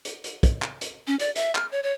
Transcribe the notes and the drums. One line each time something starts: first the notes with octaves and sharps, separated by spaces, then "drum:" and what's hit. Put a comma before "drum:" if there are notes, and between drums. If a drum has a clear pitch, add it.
drum: hi-hat
drum: hi-hat
drum: kick, hi-hat
drum: clap
drum: hi-hat
C#4
D5, drum: hi-hat
E5, drum: hi-hat
F6, drum: clap
C#5
C#5